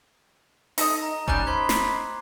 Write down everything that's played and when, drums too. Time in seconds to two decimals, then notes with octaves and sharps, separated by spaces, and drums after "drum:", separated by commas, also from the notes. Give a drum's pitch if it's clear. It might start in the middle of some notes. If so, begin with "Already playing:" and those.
0.78 D#4 A4 D#5, drum: open hi-hat
1.02 A#5
1.28 G3 C#4 D#4 A#5 D6 F#6, drum: kick F1
1.47 C5 D#5 B5 C6 G#6
1.69 C7, drum: snare